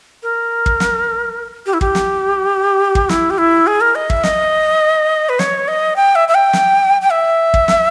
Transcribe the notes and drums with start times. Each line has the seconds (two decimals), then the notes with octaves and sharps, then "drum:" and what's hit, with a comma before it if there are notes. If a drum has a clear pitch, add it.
0.23 A#4
0.66 drum: kick
0.80 drum: snare
1.66 G4
1.73 E4
1.81 G4, drum: kick
1.95 drum: snare
2.95 drum: kick
3.09 E4, drum: snare
3.30 G4
3.38 E4
3.67 G#4
3.81 A#4
3.95 D#5
4.10 E5, drum: kick
4.23 D#5, drum: snare
5.29 B4
5.39 C#5, drum: snare
5.68 D#5
5.96 G5
6.15 E5
6.28 E5
6.35 G5
6.53 drum: snare
7.02 G5
7.11 E5
7.54 drum: kick
7.68 drum: snare